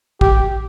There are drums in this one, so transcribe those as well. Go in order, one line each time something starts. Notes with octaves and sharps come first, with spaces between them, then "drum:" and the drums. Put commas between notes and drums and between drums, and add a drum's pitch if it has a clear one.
G4, drum: kick